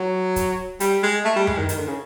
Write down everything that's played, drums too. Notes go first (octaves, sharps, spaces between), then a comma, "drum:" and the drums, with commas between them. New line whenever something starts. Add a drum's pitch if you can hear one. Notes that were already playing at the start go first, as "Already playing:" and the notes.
Already playing: F#3
drum: kick, hi-hat
G3, drum: hi-hat
G#3
A3
G3
G#3, drum: tom F#2
D#3
D#3, drum: hi-hat
D3
C#3